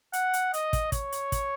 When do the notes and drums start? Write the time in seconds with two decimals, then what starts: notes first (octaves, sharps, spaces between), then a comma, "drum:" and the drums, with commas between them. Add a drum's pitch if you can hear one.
0.13 F#5, drum: hi-hat
0.33 drum: hi-hat
0.54 D#5, drum: hi-hat
0.73 drum: kick, hi-hat
0.92 C#5, drum: kick, hi-hat
1.12 drum: hi-hat
1.32 drum: kick, hi-hat